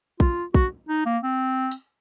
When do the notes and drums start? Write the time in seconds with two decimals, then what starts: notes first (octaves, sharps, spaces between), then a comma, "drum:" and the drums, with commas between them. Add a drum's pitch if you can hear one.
0.20 F4, drum: kick
0.54 F#4, drum: kick
0.89 D#4
1.06 A#3
1.24 C4
1.72 drum: hi-hat